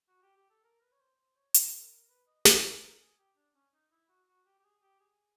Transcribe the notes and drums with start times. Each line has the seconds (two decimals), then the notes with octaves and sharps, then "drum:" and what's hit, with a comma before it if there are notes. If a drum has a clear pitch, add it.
0.08 F#4
0.22 G4
0.36 G4
0.50 A4
0.64 A#4
0.82 B4
0.92 C#5
1.00 C5
1.18 C5
1.36 C#5
1.54 C5, drum: hi-hat
1.72 A#4
1.90 A#4
2.09 B4
2.27 D#5
2.45 E5, drum: snare
2.64 B4
2.82 A#4
3.00 G#4
3.18 G4
3.36 D4
3.55 C#4
3.73 D#4
3.91 E4
4.09 F#4
4.28 F#4
4.46 G4
4.59 G4
4.64 G#4
4.82 G4
5.00 G#4